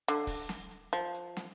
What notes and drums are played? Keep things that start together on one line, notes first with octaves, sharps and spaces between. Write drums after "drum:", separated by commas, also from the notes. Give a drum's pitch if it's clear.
D3
drum: kick, open hi-hat
drum: snare
drum: hi-hat
F3
drum: hi-hat
drum: snare